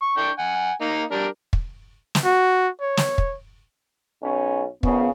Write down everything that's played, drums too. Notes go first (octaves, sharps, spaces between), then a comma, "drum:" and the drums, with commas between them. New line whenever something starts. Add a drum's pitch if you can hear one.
C#6
D4 G5 C#6
F#5 G#5
A#3 D#4
G3 D4 A#4
drum: kick
drum: snare
F#4
C#5
drum: snare
drum: kick
B1 C#4
A#1 C#3 B3, drum: kick